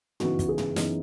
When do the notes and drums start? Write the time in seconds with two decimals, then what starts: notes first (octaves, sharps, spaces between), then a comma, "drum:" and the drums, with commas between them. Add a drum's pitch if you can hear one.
0.20 C#3 E3 B3 D#4 F#4, drum: tom
0.39 drum: kick, hi-hat
0.48 G#4
0.58 drum: tom
0.76 F#2 E3 B3 D#4, drum: snare